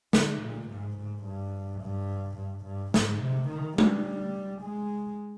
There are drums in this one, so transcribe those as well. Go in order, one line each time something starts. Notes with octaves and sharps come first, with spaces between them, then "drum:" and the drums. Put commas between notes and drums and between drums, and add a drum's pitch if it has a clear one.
D3, drum: snare
A#2
G#2
G#2
G2
G2
G2
G2
G#2, drum: snare
C3
D#3
G3, drum: tom G#3
G#3